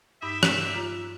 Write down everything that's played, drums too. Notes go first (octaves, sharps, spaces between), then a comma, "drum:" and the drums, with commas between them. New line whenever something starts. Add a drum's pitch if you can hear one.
G2 D#4 G4 E5
drum: rim click
F4 A#5